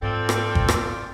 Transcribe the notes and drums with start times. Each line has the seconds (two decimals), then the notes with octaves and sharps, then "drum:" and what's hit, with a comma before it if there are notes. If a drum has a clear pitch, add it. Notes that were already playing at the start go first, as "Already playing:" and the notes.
0.02 G#2 C4 F4 A4 D5 G5
0.29 drum: rim click
0.55 drum: kick G1
0.68 drum: rim click